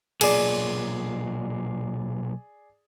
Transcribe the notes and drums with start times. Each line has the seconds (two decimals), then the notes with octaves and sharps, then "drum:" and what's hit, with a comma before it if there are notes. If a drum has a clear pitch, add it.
0.21 B1 A#2 G#4 D5, drum: cymbal